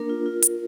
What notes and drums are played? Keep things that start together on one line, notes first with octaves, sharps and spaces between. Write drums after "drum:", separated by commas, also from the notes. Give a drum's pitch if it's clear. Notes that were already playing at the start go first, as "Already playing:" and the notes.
Already playing: A#3 D4 A#4
F4
F4
F4, drum: hi-hat